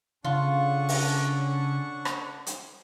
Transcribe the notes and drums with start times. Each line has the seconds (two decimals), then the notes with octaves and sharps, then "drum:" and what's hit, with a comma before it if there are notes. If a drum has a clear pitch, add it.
0.24 C#3 C#4 D4 F4 A4 F#5 C#6
0.89 drum: open hi-hat
2.05 drum: rim click
2.47 drum: hi-hat